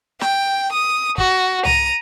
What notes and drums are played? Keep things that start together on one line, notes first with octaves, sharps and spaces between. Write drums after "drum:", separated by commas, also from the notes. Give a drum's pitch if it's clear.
G5, drum: snare
D#6
F#4, drum: kick
A#5 D#7, drum: tom C2